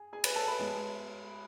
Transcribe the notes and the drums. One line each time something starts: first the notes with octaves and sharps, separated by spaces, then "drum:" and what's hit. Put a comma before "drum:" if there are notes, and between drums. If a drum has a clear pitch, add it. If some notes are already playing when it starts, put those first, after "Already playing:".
Already playing: G#4
G#4 G#5
B4 B5, drum: cymbal
A4 A5
B4 B5
G#3 B3